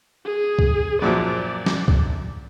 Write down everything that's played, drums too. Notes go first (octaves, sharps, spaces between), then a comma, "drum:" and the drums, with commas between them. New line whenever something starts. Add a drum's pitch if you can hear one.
G#4
drum: kick
F#2 A#2 F3 D5
drum: snare
drum: kick